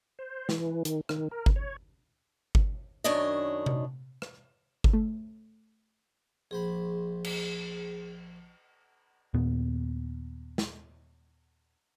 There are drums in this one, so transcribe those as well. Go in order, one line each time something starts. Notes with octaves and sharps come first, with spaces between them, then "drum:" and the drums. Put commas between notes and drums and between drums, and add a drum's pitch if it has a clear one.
C5
E3, drum: snare
D#3, drum: hi-hat
D#3, drum: rim click
A#4
drum: kick G1
C#5
drum: kick G1
F#2 D#3 D4 C#5 D#5
drum: tom C3
drum: rim click
drum: kick G1
A3
A#1 G#4 C5 B5
drum: cymbal
D#2 A#2 B3
drum: snare